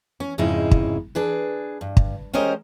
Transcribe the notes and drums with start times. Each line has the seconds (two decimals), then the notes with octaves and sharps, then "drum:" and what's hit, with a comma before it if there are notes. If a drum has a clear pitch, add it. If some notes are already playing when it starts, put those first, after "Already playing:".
0.20 C#4
0.38 F2 G#2 C#3 G#3 D#4 E4
0.71 drum: kick
1.15 D4 G#4 B4
1.81 G2
1.97 drum: kick
2.33 G#3 C#4 G4 A#4 C5 D#5